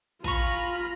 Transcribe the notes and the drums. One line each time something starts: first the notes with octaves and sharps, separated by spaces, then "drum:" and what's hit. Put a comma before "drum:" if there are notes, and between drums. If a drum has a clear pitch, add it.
F4 G#5 A#5 B5 C#6, drum: kick